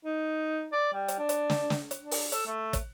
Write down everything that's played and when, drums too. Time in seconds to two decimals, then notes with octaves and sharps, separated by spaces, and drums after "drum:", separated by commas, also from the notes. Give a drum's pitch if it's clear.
0.05 D#4
0.72 D5
0.93 G3
1.08 drum: hi-hat
1.19 D4
1.29 drum: hi-hat
1.50 drum: snare
1.70 drum: snare
1.91 drum: hi-hat
2.02 D4
2.11 drum: open hi-hat
2.32 A4, drum: hi-hat
2.47 A3
2.73 drum: kick, hi-hat